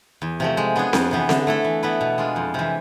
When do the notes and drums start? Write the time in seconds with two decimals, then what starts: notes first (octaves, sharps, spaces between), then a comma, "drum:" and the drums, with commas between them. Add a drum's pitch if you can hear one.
0.22 E2
0.40 C3 F3 A3
0.57 G#3
0.76 B3 D4 G#4
0.93 F2, drum: snare C4
1.11 C3 E3 B3
1.29 D3, drum: snare C4
1.47 A3 E4 A4
1.64 E3
1.83 B3 E4 B4 D5
2.01 B2
2.18 G#3 D4 F4
2.36 F2
2.54 C3 E3